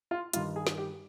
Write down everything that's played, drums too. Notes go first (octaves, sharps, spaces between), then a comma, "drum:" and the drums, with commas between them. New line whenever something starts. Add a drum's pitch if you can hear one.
F4
G2 D#3 F4, drum: hi-hat
G#4
drum: snare
G4